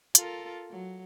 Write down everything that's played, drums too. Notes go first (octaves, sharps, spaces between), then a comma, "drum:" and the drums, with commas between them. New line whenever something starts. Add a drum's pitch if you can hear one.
F4 A4 A#4, drum: hi-hat
F#3